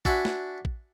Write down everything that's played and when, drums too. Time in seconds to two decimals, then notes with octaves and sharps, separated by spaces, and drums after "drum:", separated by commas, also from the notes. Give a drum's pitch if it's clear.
0.05 D4 F#4 E5 G#5 B5 C6, drum: kick
0.25 drum: snare
0.65 drum: kick